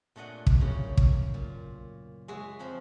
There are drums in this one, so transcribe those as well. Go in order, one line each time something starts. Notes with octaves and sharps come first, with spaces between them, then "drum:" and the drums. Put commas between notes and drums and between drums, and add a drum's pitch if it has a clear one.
A#2 A3 D4 D#5 F#5 G#5
drum: kick
F#2 C#3
drum: kick
A#2
G#3 F#4 G#4 E5
F2 F3 C5